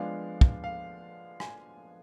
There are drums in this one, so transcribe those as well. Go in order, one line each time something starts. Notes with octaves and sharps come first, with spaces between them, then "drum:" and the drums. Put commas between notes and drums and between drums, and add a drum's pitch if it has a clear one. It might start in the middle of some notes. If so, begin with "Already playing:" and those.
Already playing: F3 G#3 B3 D4 F5
drum: kick
F5
G#5, drum: rim click